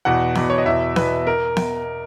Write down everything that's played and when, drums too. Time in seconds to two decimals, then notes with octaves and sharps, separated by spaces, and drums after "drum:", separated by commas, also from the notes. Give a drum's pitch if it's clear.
0.05 E2 B2 F#5
0.35 E2 B2, drum: snare B3
0.50 C#5
0.58 D#5
0.66 E2 B2 E5
0.96 E2 B2 B4, drum: snare B3
1.27 A#4
1.57 drum: snare B3